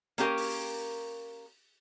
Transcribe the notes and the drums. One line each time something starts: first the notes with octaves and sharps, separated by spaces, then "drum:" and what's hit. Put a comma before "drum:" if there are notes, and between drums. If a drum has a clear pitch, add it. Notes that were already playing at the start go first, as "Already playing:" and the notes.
A#3 C#4 G4 A#4, drum: hi-hat
drum: open hi-hat